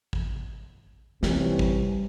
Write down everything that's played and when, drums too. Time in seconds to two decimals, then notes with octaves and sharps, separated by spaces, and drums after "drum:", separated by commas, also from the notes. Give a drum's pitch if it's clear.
0.13 drum: kick
1.23 C3 E3 G3 C#4, drum: snare
1.59 drum: kick